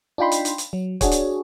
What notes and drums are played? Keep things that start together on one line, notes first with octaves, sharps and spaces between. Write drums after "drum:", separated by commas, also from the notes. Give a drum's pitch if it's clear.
D4 D#4 F4 G5 B5 C6
drum: hi-hat
drum: hi-hat
drum: hi-hat
F#3
D4 F#4 G#4 C#5, drum: kick, hi-hat
drum: hi-hat